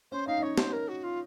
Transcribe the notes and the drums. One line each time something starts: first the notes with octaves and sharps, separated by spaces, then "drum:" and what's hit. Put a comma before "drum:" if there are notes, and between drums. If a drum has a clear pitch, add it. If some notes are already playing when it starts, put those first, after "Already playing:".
C#4 C5
D#4 F5
D#4
C#4 C#5
C5, drum: snare
A#4
F#4
F4